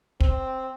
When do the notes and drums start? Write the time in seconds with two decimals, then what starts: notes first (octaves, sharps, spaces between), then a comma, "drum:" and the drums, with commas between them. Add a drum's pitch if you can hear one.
0.20 C4, drum: kick